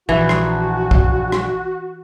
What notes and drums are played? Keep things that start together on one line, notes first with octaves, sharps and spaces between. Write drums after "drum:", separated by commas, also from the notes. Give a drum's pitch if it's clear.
A#1 E3 F#4
drum: rim click
drum: kick
drum: rim click